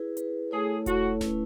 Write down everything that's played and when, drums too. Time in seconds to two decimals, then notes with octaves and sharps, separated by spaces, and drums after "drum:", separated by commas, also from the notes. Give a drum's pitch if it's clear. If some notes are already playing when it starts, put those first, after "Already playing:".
Already playing: E4 G#4 B4
0.17 E4 G#4 B4, drum: hi-hat
0.51 A3 E4 G#4 A4 C#5
0.86 A3 E4 F#4 A4 C#5, drum: kick E1, hi-hat
1.21 A3 C#4 E4 B4, drum: snare D1